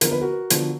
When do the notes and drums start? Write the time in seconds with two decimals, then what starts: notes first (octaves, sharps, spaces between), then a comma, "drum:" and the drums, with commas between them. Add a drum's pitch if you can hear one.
0.01 D3 F3 B3 A#4, drum: hi-hat
0.12 B4
0.21 F#4 A#4
0.50 D3 F3 B3, drum: hi-hat